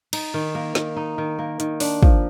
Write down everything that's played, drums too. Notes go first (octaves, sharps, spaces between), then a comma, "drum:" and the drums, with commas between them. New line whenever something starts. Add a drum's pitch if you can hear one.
D#4, drum: cymbal
D#3
A#3
D#3, drum: snare
D#4
D#3
A#3
D#3, drum: hi-hat
D4, drum: open hi-hat
F3, drum: kick